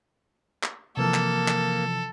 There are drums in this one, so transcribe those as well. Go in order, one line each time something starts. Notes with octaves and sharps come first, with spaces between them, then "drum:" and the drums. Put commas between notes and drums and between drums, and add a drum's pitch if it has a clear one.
drum: clap
C3 E3 F3 A#3 A4
drum: clap
drum: clap